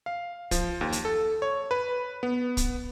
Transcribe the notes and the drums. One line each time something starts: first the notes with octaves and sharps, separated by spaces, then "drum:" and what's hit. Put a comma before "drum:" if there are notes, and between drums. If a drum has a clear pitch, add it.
F5
F3, drum: kick, hi-hat
D#2
drum: hi-hat
A4
C#5
B4
B3
drum: kick, hi-hat